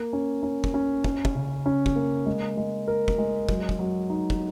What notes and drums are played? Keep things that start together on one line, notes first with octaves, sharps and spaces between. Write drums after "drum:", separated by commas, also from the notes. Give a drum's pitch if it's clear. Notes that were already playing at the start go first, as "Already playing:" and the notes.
Already playing: A#3
C#4
C#4
drum: kick
C#4
C#4, drum: kick
drum: kick
C#3
C#4
drum: kick
A#3
G#3
G#3
A#4
drum: kick
G#3
F#3, drum: kick
drum: kick
F#3
D#4
drum: kick